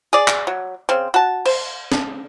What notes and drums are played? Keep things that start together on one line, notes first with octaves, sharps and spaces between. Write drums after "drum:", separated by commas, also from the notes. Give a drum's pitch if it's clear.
G#4 D5
drum: clap
F#3
C#3 C4
F#4 A5
C5, drum: cymbal
drum: snare C#4